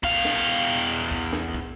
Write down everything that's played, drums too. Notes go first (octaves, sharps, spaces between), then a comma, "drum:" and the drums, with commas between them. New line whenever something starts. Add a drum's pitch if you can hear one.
E2 F5, drum: kick
drum: snare
drum: kick
drum: snare
drum: kick